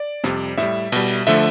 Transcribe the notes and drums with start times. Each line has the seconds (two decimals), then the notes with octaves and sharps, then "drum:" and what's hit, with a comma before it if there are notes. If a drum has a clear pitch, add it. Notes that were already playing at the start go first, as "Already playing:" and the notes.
Already playing: D5
0.24 F2 C3 G3, drum: snare
0.58 A2 G3 E5, drum: snare
0.92 B2 G3, drum: cymbal
1.27 D3 F3 A3 E5, drum: cymbal